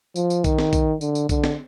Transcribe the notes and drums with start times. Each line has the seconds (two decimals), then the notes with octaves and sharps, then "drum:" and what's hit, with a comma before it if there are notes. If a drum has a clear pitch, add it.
0.16 F3, drum: tambourine
0.30 drum: tambourine
0.44 D#3, drum: kick, tambourine
0.59 drum: snare
0.73 drum: kick, tambourine
1.01 D3, drum: tambourine
1.15 drum: tambourine
1.29 D3, drum: kick, tambourine
1.44 drum: snare